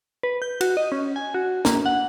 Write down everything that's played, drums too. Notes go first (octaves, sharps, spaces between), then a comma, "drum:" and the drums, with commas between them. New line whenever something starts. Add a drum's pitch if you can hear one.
B4
G6
F#4, drum: cymbal
D#5
C#4
G#5
F#4
A#3, drum: snare
F#5